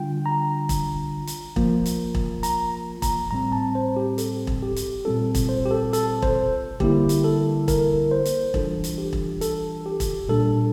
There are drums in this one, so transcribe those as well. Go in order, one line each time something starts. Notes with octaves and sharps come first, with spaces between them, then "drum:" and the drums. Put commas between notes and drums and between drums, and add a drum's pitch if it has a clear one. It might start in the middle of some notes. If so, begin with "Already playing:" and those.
Already playing: D3 G3 D4 F4 G5
A#5
drum: kick E1, hi-hat
drum: hi-hat
F3 A#3 F4, drum: kick E1
drum: hi-hat
drum: kick E1
A#5, drum: hi-hat
A#5, drum: kick E1, hi-hat
A2 G3 C4 A#5
A5
C5
G4
A4, drum: hi-hat
drum: kick E1
G4
drum: hi-hat
A#2 G3 C4 F4 A4
drum: kick E1, hi-hat
C5
G4
A4
A4, drum: hi-hat
C5, drum: kick E1
D3 G3 A#3 E4 G4, drum: kick E1
drum: hi-hat
A4
A#4, drum: kick E1, hi-hat
C5
drum: hi-hat
E3 G3 D4 F4 A4, drum: kick E1
drum: hi-hat
G4
drum: kick E1
A4, drum: hi-hat
G4
drum: kick E1, hi-hat
A#2 G3 D4 A4